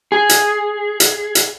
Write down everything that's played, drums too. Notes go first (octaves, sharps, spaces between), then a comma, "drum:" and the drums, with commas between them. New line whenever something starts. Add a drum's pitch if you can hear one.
G#4
drum: hi-hat
drum: hi-hat
drum: hi-hat